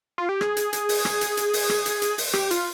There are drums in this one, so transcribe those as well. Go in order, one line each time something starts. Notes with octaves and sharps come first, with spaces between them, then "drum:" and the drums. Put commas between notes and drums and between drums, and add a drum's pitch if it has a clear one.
F4
G4
G#4, drum: rim click
drum: hi-hat
drum: hi-hat
drum: open hi-hat
drum: rim click
drum: hi-hat
drum: hi-hat
drum: open hi-hat
drum: rim click
drum: hi-hat
drum: hi-hat
drum: open hi-hat
G4, drum: rim click
F4, drum: hi-hat